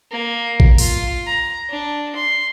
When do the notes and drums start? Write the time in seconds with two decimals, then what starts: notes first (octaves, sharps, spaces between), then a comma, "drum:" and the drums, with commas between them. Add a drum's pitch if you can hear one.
0.11 A#3
0.60 drum: kick A1
0.78 F4, drum: open hi-hat
1.26 A#5
1.69 D4
2.15 C6